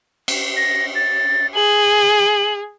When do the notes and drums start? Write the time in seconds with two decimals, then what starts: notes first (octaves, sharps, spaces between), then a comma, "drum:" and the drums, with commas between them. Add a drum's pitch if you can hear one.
0.28 drum: cymbal
0.57 A#6
0.95 A6
1.55 G#4 F#7